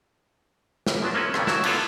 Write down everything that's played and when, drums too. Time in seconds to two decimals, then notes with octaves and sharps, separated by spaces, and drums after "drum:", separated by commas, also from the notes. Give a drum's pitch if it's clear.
0.87 G1, drum: snare
1.02 F3 F#3 B3 D4
1.14 A#3 C4 C#4 E4 A4 B4
1.34 G2 D#3 E3 A3 C#4, drum: rim click
1.47 F#3 E4, drum: snare
1.64 D3 B3 E4 F4 G4 A4, drum: cymbal